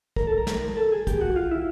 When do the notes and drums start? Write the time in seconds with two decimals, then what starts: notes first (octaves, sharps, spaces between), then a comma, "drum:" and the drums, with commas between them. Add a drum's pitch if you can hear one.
0.16 A#4, drum: kick
0.27 A4
0.38 A#4
0.47 drum: snare
0.77 A4
0.92 G#4
1.07 G4, drum: kick, hi-hat
1.21 F#4
1.36 F4
1.51 E4